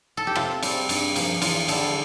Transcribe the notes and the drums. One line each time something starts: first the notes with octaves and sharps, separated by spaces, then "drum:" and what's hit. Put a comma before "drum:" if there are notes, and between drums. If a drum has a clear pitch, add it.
A4
G4
C3 F4, drum: rim click
G3 C4, drum: cymbal
G2, drum: cymbal
F3 A#3, drum: cymbal
E2 F4, drum: cymbal
D3 G3 A4, drum: cymbal